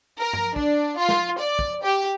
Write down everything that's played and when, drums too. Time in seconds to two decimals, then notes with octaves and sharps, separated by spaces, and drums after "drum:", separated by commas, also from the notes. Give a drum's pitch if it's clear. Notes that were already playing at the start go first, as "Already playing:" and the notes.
0.19 A#4
0.33 drum: tom G2
0.56 D4, drum: kick
0.98 F4
1.09 drum: snare
1.40 D5
1.59 drum: kick
1.84 G4